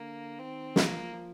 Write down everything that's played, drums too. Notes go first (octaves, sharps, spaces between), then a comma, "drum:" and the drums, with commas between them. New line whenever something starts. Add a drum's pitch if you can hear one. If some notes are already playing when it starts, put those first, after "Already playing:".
Already playing: D3 A#3
D#3 C4
F3 A#3, drum: snare
F3